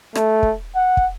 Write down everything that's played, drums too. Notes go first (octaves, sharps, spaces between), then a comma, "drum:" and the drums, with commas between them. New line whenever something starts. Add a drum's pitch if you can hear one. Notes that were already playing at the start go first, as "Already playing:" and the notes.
A3, drum: rim click
drum: kick
F#5
drum: kick